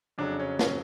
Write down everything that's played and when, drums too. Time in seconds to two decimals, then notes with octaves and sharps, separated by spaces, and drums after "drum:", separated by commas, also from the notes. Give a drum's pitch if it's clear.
0.18 F2 C#3 F#3 D4
0.40 C#4
0.59 C#4, drum: snare